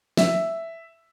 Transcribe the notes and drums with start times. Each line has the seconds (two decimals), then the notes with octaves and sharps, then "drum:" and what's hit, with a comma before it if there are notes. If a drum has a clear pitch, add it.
0.17 E5, drum: snare